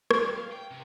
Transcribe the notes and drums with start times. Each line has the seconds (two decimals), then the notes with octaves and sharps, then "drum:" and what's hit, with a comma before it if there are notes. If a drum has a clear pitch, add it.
0.11 drum: rim click
0.23 G3
0.38 F5
0.52 G5
0.70 C3 C4